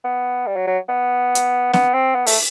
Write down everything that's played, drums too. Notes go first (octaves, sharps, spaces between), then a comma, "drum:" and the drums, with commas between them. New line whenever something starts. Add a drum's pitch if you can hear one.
B3
G3
F#3
F#3
B3
drum: hi-hat
B3, drum: snare
C4
B3
A3, drum: open hi-hat